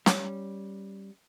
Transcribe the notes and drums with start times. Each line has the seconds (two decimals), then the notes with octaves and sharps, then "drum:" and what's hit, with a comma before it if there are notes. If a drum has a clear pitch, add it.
0.06 G3 C#4, drum: snare